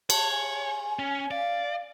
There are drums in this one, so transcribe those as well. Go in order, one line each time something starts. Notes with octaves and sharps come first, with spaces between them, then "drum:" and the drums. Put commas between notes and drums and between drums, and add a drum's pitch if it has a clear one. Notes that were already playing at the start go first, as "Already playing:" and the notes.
C#5 A5, drum: cymbal
G#5
C#4
D5 F5